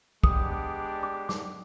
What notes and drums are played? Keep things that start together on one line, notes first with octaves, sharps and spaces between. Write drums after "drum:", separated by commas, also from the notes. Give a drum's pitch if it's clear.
G#3 B3 D4 G4 D#6, drum: kick
D6
D6, drum: snare